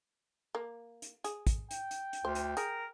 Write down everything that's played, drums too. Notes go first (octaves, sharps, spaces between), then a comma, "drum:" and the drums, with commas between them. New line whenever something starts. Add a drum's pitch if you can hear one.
A#3
drum: hi-hat
G#4, drum: hi-hat
drum: kick, hi-hat
G5, drum: hi-hat
drum: hi-hat
drum: hi-hat
D2 C5
drum: hi-hat
G#4 A#4, drum: hi-hat